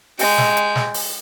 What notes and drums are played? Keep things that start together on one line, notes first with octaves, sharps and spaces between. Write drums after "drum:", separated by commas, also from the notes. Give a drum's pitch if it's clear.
G#3 G5, drum: open hi-hat
drum: snare
drum: hi-hat
drum: snare
drum: open hi-hat